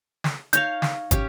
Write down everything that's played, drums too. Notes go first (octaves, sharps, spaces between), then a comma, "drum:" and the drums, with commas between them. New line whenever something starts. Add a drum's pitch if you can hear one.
drum: snare
D#4 C#5 F5 G6, drum: hi-hat
drum: snare
C#4 G4, drum: kick, hi-hat